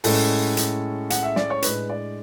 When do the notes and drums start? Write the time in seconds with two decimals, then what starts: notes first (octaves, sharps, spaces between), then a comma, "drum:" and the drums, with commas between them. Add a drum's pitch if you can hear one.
0.04 A2 G#3 C#4 A4, drum: open hi-hat
0.57 drum: hi-hat
1.10 F#5, drum: hi-hat
1.23 E5
1.36 D5, drum: snare
1.50 C#5
1.62 A2 G#3 D4 B4, drum: hi-hat
1.90 D5